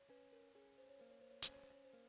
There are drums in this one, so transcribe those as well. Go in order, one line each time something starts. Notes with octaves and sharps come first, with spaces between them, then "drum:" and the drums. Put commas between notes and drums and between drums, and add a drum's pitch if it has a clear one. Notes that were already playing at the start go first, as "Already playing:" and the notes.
Already playing: C#5
C#4 B4
A#4
C#4 G#4
C5
C#5
A#3 C5
C#5
C5
C#5
C#4 C5, drum: hi-hat
C#5
C5
C#5
C5
A#3